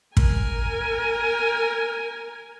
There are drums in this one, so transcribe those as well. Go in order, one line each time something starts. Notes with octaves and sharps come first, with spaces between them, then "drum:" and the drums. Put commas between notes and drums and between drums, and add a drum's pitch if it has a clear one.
A#4 G#5, drum: kick